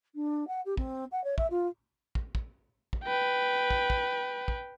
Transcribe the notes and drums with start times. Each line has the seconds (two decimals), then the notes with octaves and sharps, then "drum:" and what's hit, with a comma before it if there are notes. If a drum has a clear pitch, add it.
0.15 D4
0.48 F#5
0.66 G4
0.77 C4, drum: kick
1.12 F#5
1.24 C#5
1.38 E5, drum: kick
1.51 F4
2.15 drum: kick
2.35 drum: kick
2.93 drum: kick
3.04 B4 G5
3.70 drum: kick
3.90 drum: kick
4.48 drum: kick